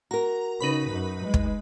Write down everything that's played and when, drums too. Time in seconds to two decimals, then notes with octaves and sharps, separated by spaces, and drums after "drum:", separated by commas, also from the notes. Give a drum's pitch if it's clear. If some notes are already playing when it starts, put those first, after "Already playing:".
0.11 F#4 A#4 A#5
0.60 C#3 D#4 B4 B5
0.91 F#2
1.23 G#3
1.34 drum: kick